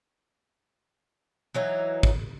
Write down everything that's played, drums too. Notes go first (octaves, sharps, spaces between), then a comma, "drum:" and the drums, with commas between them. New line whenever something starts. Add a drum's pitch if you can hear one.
E3 F#3 D#4
drum: kick